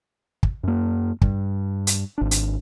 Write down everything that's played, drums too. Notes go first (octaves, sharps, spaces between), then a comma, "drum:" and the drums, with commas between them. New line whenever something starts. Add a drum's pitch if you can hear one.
drum: kick
F#2 A#3
G2, drum: kick
drum: hi-hat
G#1 D4
drum: hi-hat